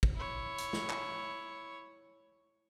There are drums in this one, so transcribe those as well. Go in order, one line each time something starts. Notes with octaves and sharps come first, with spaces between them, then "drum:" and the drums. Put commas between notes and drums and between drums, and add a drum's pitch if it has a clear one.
drum: kick
E4 C#5
drum: hi-hat
drum: snare
drum: clap